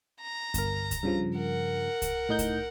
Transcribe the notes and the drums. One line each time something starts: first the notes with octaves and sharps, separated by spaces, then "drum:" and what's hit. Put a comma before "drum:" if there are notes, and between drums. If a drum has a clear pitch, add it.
A#5
G1 A#4, drum: kick C2, hi-hat
drum: kick C2, hi-hat
G2 C#3 F3
A#4 F#5
drum: kick C2, hi-hat
A2 D#4 G6
drum: kick C2, hi-hat